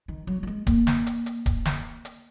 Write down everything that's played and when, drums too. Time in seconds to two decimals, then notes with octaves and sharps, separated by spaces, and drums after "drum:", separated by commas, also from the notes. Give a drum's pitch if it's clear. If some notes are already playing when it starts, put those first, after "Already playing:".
0.08 D#3
0.27 F#3
0.43 F#3
0.47 G#3
0.67 A#3, drum: kick D1, hi-hat
0.87 drum: snare
1.06 drum: hi-hat
1.26 drum: hi-hat
1.46 drum: kick D1, hi-hat
1.65 drum: snare
2.05 drum: hi-hat